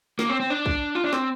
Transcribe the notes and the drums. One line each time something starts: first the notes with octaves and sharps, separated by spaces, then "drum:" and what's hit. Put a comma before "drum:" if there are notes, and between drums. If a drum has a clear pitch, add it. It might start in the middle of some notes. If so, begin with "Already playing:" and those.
A#3, drum: snare
C4
C4
D4
drum: kick
F4
D4
C4, drum: snare